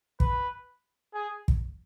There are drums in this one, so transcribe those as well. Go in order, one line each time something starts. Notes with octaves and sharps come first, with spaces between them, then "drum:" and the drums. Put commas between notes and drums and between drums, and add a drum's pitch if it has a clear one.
B4, drum: kick
G#4
drum: kick